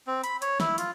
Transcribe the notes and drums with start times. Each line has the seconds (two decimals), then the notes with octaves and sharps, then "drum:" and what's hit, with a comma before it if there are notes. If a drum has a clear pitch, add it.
0.07 C4
0.24 B5, drum: hi-hat
0.42 C#5, drum: hi-hat
0.60 E4, drum: snare
0.78 F4, drum: hi-hat